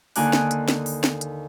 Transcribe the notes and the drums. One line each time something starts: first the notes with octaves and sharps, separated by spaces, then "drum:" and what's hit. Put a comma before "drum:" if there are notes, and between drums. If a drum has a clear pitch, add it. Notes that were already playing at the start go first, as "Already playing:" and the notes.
D#2 D3 D#4 G#5 D6 F#6, drum: open hi-hat
drum: snare
drum: hi-hat
drum: snare
drum: open hi-hat
drum: snare
drum: hi-hat